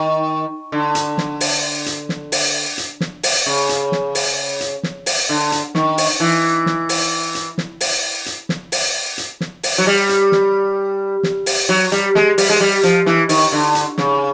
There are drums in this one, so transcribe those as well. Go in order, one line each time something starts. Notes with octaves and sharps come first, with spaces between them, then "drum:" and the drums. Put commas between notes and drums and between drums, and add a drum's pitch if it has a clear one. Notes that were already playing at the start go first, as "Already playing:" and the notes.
Already playing: D#3
D3
drum: hi-hat
drum: snare
drum: open hi-hat
drum: hi-hat
drum: snare
drum: open hi-hat
drum: hi-hat
drum: snare
drum: open hi-hat
C#3
drum: hi-hat
drum: snare
drum: open hi-hat
drum: hi-hat
drum: snare
drum: open hi-hat
D3
drum: hi-hat
D#3, drum: snare
drum: open hi-hat
E3
drum: snare
drum: open hi-hat
drum: hi-hat
drum: snare
drum: open hi-hat
drum: hi-hat
drum: snare
drum: open hi-hat
drum: hi-hat
drum: snare
drum: open hi-hat
F#3
G3
drum: hi-hat
drum: snare
drum: snare
drum: open hi-hat
F#3
G3, drum: hi-hat
G#3, drum: snare
G3, drum: open hi-hat
G#3
G3
F3, drum: hi-hat
E3, drum: snare
D#3, drum: open hi-hat
D3
drum: hi-hat
C#3, drum: snare